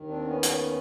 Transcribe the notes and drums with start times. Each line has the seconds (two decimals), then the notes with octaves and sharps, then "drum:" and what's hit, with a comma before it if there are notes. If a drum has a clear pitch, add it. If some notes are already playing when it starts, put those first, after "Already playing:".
Already playing: D#2 D#3
0.08 C4 D4
0.26 B3 C#4
0.43 drum: hi-hat